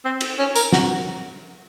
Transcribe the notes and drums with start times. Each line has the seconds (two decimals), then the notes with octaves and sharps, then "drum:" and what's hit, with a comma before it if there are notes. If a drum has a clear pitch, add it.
0.05 C4
0.21 drum: cymbal
0.39 C#4
0.55 A#4, drum: tambourine
0.73 F#4, drum: snare